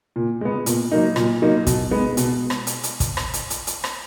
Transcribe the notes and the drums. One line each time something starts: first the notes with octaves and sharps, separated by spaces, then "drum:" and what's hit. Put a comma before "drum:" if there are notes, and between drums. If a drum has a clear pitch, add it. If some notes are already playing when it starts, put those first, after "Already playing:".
A#2
G#3 B3
A#2, drum: hi-hat
F#3 A#3 D#4
A#2, drum: rim click
F#3 A#3 D#4
B2, drum: kick, hi-hat
G#3 B3
B2, drum: hi-hat
drum: rim click
drum: hi-hat
drum: hi-hat
drum: kick, hi-hat
drum: rim click
drum: hi-hat
drum: hi-hat
drum: hi-hat
drum: rim click